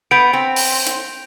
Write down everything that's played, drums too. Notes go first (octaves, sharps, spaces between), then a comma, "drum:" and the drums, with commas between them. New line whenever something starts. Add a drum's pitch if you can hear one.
B3 G6 D7 F7
C4
drum: open hi-hat
drum: hi-hat